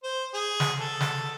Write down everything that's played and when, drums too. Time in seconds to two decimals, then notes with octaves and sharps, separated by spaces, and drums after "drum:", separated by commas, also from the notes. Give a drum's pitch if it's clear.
0.04 C5
0.34 G#4
0.60 drum: snare
0.80 A4
1.00 drum: snare